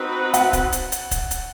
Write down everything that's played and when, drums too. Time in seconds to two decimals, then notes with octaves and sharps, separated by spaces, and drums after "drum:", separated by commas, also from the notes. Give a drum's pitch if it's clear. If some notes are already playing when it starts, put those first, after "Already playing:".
Already playing: C4 D#4 F#4 B4
0.34 F#5, drum: hi-hat
0.53 drum: kick, hi-hat
0.72 drum: hi-hat
0.92 drum: hi-hat
1.11 drum: kick, hi-hat
1.31 drum: hi-hat